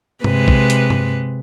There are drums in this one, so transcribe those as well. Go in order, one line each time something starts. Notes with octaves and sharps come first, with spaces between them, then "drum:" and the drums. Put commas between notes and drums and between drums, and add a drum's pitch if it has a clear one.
C3 G#3 B4, drum: tom G2
drum: kick A#1
drum: hi-hat
drum: tom G2